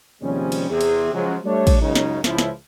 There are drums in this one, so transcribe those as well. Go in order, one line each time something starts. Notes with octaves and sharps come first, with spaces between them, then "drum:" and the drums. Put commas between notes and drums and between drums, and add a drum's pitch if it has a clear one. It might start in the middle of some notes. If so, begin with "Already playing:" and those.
D#2 C3 F3 G3 G#3 C#4
drum: cymbal
E2 C3 G#4
drum: cymbal
C#3 F3 F#3 G#3
G3 A3 D4 C#5
drum: kick, cymbal
C#2 F#2 C#3 D#4
drum: snare
C#2 F3 E4, drum: snare
drum: snare